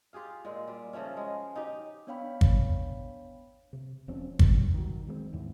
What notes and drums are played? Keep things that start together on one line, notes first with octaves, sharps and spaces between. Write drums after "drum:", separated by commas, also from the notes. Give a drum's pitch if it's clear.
F4 G4 G#4 F5
A#2 G#3
G3
C#3 F3 A3 C#4
G#3
D#4 G4
B3 D4 C#5 F5 G5 B5
drum: kick
C3
E1 F3 C4 C#4
C3 D#3 G3, drum: kick
D#3 F#3
D#3 G#3 A3 C4
D#2 G#2 E3